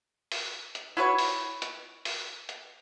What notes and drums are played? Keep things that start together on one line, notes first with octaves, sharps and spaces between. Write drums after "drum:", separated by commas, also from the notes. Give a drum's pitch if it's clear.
drum: open hi-hat
drum: hi-hat
E4 F#4 B4 C#5
drum: open hi-hat
drum: hi-hat
drum: open hi-hat
drum: hi-hat